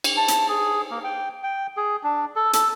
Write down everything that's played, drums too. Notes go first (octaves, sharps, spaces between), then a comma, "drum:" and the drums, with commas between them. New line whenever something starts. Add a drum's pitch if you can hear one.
drum: cymbal
A5
drum: hi-hat
G#4
A#3
G5
G5
G#4
D4
A4
A4, drum: hi-hat